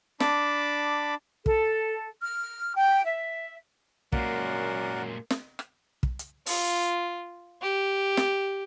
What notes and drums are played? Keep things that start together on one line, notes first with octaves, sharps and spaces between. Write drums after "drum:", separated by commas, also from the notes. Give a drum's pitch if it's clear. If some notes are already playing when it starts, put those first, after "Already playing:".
D4 A5 B5 D6, drum: snare
A4, drum: kick
F6
G5
E5
F#2 A#2 G#3 A#3 A#4 D5 F#5, drum: kick
drum: snare
drum: rim click
drum: kick
drum: hi-hat
F4, drum: open hi-hat
G4
drum: snare